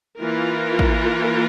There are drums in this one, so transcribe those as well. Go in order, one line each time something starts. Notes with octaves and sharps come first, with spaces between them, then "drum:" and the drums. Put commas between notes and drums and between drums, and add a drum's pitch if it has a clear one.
E3 A#3 F4 A#4
drum: kick